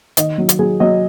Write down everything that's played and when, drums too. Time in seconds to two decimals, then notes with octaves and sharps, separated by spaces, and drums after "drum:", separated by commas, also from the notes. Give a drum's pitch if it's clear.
0.17 D#3 D#5, drum: hi-hat
0.38 F#3
0.49 drum: hi-hat
0.59 F#3 G#4
0.80 F#3 D#5